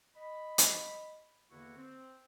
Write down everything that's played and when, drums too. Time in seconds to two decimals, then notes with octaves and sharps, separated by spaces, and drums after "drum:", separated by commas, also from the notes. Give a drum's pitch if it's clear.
0.16 D#5 B5
0.58 drum: hi-hat
1.51 E2 D3 A#3 E4 F#4 C#6
1.77 C4